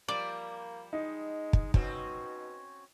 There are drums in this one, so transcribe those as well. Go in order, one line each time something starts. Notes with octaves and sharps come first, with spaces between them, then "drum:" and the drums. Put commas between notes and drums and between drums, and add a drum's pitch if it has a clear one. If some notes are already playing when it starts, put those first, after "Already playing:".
F3 G3 A#3 D5
G#3 D#4
drum: kick
B2 C4 C#4 F#4, drum: kick